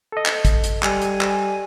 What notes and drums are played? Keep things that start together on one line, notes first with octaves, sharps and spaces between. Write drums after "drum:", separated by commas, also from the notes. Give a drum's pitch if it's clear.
A4 D#5
drum: clap
drum: kick, hi-hat
drum: hi-hat
G3 G#5, drum: clap
drum: hi-hat
drum: clap